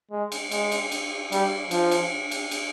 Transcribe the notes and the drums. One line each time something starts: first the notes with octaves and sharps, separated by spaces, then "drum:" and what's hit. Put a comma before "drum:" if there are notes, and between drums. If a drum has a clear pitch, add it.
G#3
drum: cymbal
G#3, drum: cymbal
drum: cymbal
drum: cymbal
G3, drum: cymbal
F3, drum: cymbal
drum: cymbal
drum: cymbal
drum: cymbal